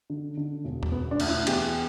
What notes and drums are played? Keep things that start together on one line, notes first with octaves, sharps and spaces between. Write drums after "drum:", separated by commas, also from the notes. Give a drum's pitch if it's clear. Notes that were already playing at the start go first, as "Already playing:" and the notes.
D3
D3
E1
drum: tom E2
E1 B3
D4
D2, drum: cymbal
E4
E2 G4, drum: cymbal